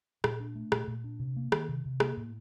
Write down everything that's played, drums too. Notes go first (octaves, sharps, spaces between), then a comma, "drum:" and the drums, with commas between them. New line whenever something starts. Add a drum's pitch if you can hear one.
A#2, drum: rim click
D4
A3
A#2, drum: rim click
A#2
D4
C3
A#3
D#3, drum: rim click
C3
C3
A#3, drum: rim click
A2